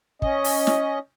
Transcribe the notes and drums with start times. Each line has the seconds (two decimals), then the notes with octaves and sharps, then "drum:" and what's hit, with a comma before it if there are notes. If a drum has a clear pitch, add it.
0.22 C#4 D#5, drum: kick
0.44 drum: open hi-hat
0.67 drum: snare